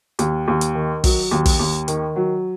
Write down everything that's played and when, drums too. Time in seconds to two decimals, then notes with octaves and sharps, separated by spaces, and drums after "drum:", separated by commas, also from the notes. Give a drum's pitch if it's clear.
0.19 D#2, drum: hi-hat
0.48 D#2
0.61 drum: hi-hat
0.75 D#3
1.04 F#3, drum: kick, open hi-hat
1.31 D#2
1.46 drum: kick, open hi-hat
1.59 D#2
1.88 D#3, drum: hi-hat
2.16 F#3